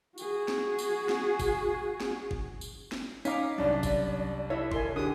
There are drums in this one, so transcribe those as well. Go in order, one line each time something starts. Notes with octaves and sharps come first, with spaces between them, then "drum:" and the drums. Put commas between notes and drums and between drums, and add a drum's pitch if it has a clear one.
F#4 G#4, drum: tambourine
drum: snare
drum: tambourine
drum: snare
drum: kick F#1, tambourine
drum: snare
drum: kick F#1
drum: tambourine
drum: snare
C#4 D#4 F5 A#5 D6 B6, drum: tambourine
C2 F#2 D4 D5
drum: kick F#1, tambourine
E4 A4 C#5 D#5 E5
A#4 G#5 A5 C6, drum: kick F#1
D3 G4 G#4 D#6